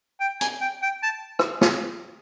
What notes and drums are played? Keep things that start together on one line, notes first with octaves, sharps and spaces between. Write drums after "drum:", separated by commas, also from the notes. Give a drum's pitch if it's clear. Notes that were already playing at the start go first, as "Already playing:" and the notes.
G5
G#5, drum: hi-hat
G5
G5
A5
drum: rim click
drum: snare